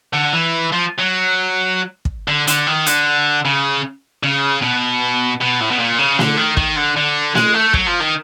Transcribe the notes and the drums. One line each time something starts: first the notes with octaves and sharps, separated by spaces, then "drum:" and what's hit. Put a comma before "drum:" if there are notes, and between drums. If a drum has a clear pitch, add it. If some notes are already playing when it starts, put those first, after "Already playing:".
D3
E3
F3
F#3
drum: kick
D3
D3, drum: hi-hat
D#3
D3, drum: hi-hat
C#3
C#3
B2
B2
A2
B2
A#2
C#3
D3, drum: snare
D#3
D#3, drum: kick
D3
D3
G#3, drum: snare
A3
F#3, drum: kick
F3
D#3